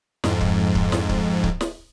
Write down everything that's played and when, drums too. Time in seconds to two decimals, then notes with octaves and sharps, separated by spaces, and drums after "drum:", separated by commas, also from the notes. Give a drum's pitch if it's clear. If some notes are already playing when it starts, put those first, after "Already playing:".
0.24 F2 G#2, drum: snare
0.41 drum: kick C#1
0.75 drum: kick C#1
0.92 drum: snare
1.09 drum: kick C#1
1.43 drum: kick C#1
1.61 drum: snare